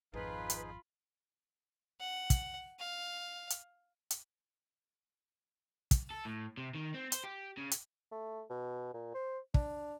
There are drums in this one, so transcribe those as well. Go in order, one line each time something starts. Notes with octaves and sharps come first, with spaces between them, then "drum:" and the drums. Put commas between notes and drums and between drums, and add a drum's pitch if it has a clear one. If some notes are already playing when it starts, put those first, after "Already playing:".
G#1 F2 F3 D#4 F4 G#4 B4 B5
drum: hi-hat
F#5
drum: kick, hi-hat
F5
drum: hi-hat
drum: hi-hat
drum: kick, hi-hat
A4
A2
C3
D#3
C4
C5, drum: hi-hat
G4
C#3
drum: hi-hat
A3
B2
A#2
C5
D4, drum: kick